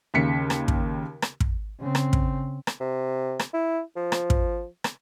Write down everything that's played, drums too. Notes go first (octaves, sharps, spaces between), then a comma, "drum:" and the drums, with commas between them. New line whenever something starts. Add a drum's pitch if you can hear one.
D#2 C#3 B6 C#7
drum: rim click
drum: kick
drum: rim click
drum: kick
C#3 C4
drum: rim click
drum: kick
drum: rim click
C3
drum: rim click
E4
F3
drum: rim click
drum: kick
drum: rim click